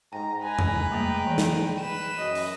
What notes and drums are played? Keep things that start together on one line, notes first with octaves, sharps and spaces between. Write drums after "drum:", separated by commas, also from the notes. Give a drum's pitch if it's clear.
G#2 G5 A#5
G#3 B4 G#5 A#5
drum: tom E2
G3 A3 A#3 G5
E3 D5
drum: snare
B4 E7
F#2 D#5
drum: open hi-hat